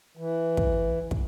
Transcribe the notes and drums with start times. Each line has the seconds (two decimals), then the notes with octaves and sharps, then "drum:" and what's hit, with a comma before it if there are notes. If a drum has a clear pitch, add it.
0.17 E3
0.57 drum: kick
1.11 drum: kick